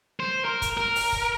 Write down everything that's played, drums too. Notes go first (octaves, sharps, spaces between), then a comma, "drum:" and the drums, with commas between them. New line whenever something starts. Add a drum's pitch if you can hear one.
C5
A#4
drum: kick, hi-hat
A#4
drum: open hi-hat
drum: kick